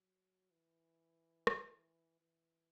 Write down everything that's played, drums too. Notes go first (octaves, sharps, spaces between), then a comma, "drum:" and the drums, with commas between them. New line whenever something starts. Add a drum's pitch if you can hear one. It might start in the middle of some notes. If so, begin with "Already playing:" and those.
Already playing: F#3
E3
drum: rim click
E3